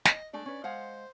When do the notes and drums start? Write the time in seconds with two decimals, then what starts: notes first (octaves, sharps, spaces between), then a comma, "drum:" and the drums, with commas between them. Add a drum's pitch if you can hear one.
0.05 D#5, drum: snare
0.33 G#3 A3 D4 D5
0.46 C#4 B4
0.64 G#3 C5 F5 F#5